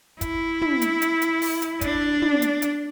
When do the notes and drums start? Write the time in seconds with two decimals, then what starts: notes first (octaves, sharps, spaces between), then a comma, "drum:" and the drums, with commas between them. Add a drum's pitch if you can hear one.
0.21 E4, drum: kick, hi-hat
0.62 drum: tom
0.82 drum: hi-hat
1.02 drum: hi-hat
1.22 drum: hi-hat
1.42 drum: open hi-hat
1.62 drum: hi-hat
1.81 D4, drum: kick, hi-hat
2.22 drum: tom
2.42 drum: hi-hat
2.62 drum: hi-hat